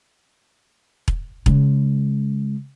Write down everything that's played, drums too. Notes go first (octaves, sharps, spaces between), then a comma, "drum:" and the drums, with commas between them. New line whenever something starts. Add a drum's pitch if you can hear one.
drum: kick E1
C#3 G#3, drum: kick E1